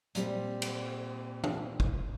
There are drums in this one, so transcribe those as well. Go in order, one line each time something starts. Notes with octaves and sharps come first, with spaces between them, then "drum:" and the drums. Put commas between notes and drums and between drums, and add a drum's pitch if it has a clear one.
A#2 G3 C4, drum: hi-hat
drum: cymbal
drum: tom
drum: kick